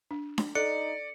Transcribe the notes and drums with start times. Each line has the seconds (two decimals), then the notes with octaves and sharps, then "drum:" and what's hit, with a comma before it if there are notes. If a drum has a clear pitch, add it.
0.11 D4
0.38 drum: snare D4
0.55 D#4 A4 D5 C#7